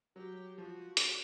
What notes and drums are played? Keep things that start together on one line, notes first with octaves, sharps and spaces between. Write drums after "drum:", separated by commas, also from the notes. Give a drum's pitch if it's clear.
F#3 G4
F3 F#4 G4
drum: hi-hat